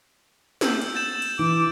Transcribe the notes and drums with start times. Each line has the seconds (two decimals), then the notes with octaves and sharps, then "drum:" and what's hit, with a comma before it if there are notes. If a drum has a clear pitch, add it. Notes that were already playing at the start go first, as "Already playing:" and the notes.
0.61 E6 G6, drum: snare
0.81 drum: cymbal
0.95 G6 A6 E7
1.22 drum: cymbal
1.39 E3 D6 D7